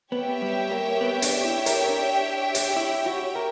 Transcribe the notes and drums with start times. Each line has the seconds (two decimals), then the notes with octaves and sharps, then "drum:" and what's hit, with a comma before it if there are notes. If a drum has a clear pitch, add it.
0.12 B3 G4 C#5 E5 G5
0.42 G3
0.71 A#3
1.01 B3
1.22 D4, drum: hi-hat
1.44 E4
1.66 A#4, drum: hi-hat
1.89 D4
2.55 drum: hi-hat
2.77 E4
3.06 F#4
3.35 A#4